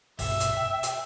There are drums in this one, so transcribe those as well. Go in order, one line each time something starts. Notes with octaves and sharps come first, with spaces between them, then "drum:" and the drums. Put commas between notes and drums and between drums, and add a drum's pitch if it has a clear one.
G2 B2 E5, drum: kick G1, open hi-hat
drum: hi-hat
G5
drum: hi-hat